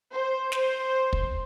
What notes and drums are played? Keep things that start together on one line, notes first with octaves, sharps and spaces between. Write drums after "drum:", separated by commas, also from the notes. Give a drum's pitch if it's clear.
C5
C5, drum: snare
drum: kick